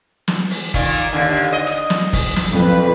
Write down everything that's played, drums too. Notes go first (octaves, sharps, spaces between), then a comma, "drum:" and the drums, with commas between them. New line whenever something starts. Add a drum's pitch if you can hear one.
drum: snare
drum: open hi-hat
A#2 D#3, drum: kick F1, hi-hat
drum: hi-hat
D#2 D3
D#5
drum: hi-hat
drum: snare
drum: kick F1, open hi-hat
drum: snare
F2 B4